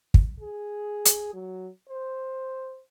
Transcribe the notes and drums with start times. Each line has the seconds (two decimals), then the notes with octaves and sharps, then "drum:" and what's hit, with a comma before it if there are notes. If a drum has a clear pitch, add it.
0.14 drum: kick
0.40 G#4
1.05 drum: hi-hat
1.33 F#3
1.89 C5